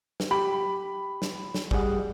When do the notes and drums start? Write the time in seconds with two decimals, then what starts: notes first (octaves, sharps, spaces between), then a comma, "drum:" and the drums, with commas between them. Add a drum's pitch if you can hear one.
0.20 drum: snare
0.31 G4 B5
1.22 drum: snare
1.54 drum: snare
1.71 G3 G#4 F#5, drum: kick G#1